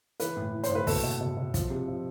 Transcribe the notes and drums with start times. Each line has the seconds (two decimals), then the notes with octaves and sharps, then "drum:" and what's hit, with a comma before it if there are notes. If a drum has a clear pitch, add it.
0.20 E3 B4, drum: hi-hat
0.37 A2
0.53 E3
0.64 C5, drum: hi-hat
0.70 A2
0.75 B4
0.87 B2 A4, drum: kick, open hi-hat
1.03 B2
1.21 B2
1.37 B2
1.54 F3, drum: kick, hi-hat
1.70 C3
1.88 F3